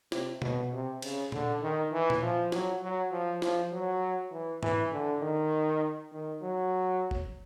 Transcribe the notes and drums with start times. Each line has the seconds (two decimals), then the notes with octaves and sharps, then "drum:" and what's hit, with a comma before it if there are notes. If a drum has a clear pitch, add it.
0.12 C3, drum: snare
0.42 B2, drum: tom B2
0.73 C3
1.02 C#3, drum: cymbal
1.32 D3, drum: tom A#2
1.62 D#3
1.92 E3
2.10 drum: tom A#2
2.23 F3
2.52 F#3, drum: snare
2.82 F#3
3.12 F3
3.42 F3, drum: snare
3.72 F#3
4.32 E3
4.63 E3, drum: tom G#2
4.92 D3
5.22 D#3
6.12 D#3
6.42 F#3
7.11 drum: kick